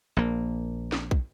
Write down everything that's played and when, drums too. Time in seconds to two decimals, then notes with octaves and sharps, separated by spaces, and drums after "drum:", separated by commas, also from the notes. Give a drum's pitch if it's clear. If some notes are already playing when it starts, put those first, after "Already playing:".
0.17 A#1 A#3
0.92 drum: snare
1.11 drum: kick